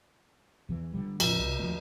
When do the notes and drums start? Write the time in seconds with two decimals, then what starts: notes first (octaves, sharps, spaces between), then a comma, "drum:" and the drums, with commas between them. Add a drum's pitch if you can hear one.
0.69 E2 E3
0.93 D3 D#3 G3
1.20 E2 A2 C#3 F3, drum: cymbal
1.39 C2
1.59 D#2 D3 F3 A3